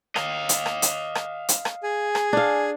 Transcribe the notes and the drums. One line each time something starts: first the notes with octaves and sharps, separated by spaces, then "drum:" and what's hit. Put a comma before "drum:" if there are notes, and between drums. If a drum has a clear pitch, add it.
D#5 F5, drum: rim click
drum: hi-hat
drum: rim click
drum: hi-hat
drum: rim click
drum: hi-hat
drum: rim click
G#4 G#5
drum: rim click
D4 F5